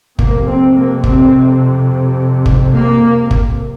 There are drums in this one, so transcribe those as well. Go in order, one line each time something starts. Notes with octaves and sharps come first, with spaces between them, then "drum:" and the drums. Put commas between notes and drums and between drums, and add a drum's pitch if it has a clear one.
F2 C3 A#3, drum: kick
C4
A#3
C4, drum: kick
drum: kick
A#3
drum: kick